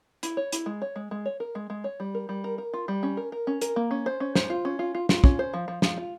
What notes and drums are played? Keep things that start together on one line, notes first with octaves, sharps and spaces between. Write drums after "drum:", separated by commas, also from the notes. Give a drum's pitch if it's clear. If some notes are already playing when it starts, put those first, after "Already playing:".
E4, drum: hi-hat
C#5
E4, drum: hi-hat
G#3
C#5
G#3
G#3
C#5
A#4
G#3
G#3
C#5
G3
A#4
G3
A#4
A#4
F4
G3
C#4
A#4
A#4
C#4
A#4, drum: hi-hat
A#3
C#4
C5
C#4
C5, drum: snare
F4
C#4
F4
F4
F4, drum: snare
C#4, drum: kick
C5
F3
F3
F3, drum: snare
F4